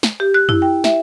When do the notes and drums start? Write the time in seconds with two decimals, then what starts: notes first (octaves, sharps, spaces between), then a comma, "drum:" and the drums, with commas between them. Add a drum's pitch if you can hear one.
0.03 drum: snare
0.20 G4
0.34 F#6
0.49 E4, drum: tom
0.62 G5
0.84 E5, drum: snare